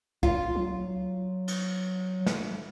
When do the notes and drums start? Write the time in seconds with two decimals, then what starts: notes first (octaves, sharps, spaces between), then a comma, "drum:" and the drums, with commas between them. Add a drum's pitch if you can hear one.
0.23 F4, drum: kick
0.55 F#3
1.48 drum: cymbal
2.27 drum: snare